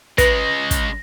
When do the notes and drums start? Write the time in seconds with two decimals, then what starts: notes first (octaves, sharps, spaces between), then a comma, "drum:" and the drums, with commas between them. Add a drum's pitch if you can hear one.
0.18 C#3 G#3 B4 A#6, drum: kick, hi-hat
0.71 drum: kick, hi-hat